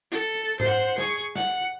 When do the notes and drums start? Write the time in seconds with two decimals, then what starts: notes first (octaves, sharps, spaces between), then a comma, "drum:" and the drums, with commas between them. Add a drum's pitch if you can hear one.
0.12 A4
0.60 C5 F#5, drum: tom G#2
0.98 G#4 C#6, drum: snare
1.36 F#5, drum: snare